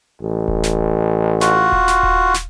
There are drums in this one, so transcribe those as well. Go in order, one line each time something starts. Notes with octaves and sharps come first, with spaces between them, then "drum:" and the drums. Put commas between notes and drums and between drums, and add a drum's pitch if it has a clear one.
A1
drum: kick D#1
drum: snare
F4 F#4, drum: snare
drum: kick D#1
drum: snare
drum: kick D#1
drum: snare